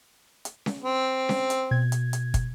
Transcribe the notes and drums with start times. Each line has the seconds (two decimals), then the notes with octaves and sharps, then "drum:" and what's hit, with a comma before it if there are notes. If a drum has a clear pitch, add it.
0.45 drum: hi-hat
0.66 drum: snare C#4
0.82 C4
1.29 drum: snare C#4
1.50 drum: hi-hat
1.71 B2 G#6
1.92 drum: hi-hat
2.13 drum: hi-hat
2.34 drum: kick, hi-hat